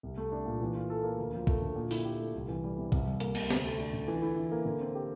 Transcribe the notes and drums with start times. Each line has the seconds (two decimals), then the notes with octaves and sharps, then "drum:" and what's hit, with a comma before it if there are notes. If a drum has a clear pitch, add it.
0.03 C2
0.17 A3
0.32 D4
0.46 A#2
0.61 E3
0.75 F4
0.90 A4
1.03 A#3
1.18 D2
1.33 F3
1.47 A3, drum: kick
1.61 D3
1.76 A#2
1.91 E4, drum: open hi-hat
2.05 G4
2.20 A3
2.34 C2
2.48 E3
2.64 G3
2.78 C3
2.92 C2, drum: kick
3.06 G3
3.20 A#3, drum: hi-hat
3.35 C3, drum: cymbal
3.51 D2, drum: snare
3.64 A3
3.78 D4
3.93 D3
4.08 E3
4.22 E4
4.36 E3
4.51 A#3
4.65 D3
4.81 C4
4.95 G4